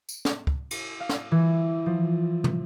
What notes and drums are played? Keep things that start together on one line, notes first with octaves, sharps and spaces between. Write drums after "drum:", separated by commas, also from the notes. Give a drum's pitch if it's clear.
drum: tambourine
drum: snare
drum: kick
drum: cymbal
F5
drum: snare
E3
F3
drum: tom